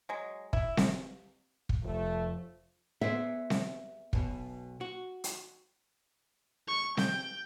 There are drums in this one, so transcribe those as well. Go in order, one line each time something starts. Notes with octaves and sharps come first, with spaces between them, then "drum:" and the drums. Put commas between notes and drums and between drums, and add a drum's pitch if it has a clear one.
F#3 G#3
E4, drum: kick
drum: snare C4
drum: kick
F1 F3 A3
B3 G#4 C5 E5
drum: snare C4
B1 B2, drum: kick
F#4
drum: hi-hat
C#6
G5, drum: snare C4